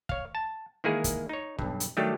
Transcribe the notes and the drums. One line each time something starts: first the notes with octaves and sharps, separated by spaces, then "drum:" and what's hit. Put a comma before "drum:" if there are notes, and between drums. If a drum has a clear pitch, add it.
C#5 F5, drum: kick
A5
D#3 E3 G#3 A#3 E4 G#4
drum: kick, hi-hat
D#4 C#5
B1 G2, drum: kick
drum: hi-hat
D#3 F#3 G3 A3 D4 G4